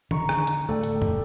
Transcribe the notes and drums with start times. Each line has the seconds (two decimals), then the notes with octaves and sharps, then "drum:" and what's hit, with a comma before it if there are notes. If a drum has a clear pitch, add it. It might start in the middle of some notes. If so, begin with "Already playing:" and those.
0.11 D3 A#5 C#6, drum: tom D#3
0.29 drum: rim click
0.47 drum: hi-hat
0.69 D1 A3 A4 D5 G5
0.83 drum: hi-hat
1.02 drum: tom F2